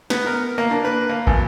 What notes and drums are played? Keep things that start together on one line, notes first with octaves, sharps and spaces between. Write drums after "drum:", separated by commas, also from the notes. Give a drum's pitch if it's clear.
B3, drum: snare
A#4
A#3
D4
B4
A#3
G#1, drum: kick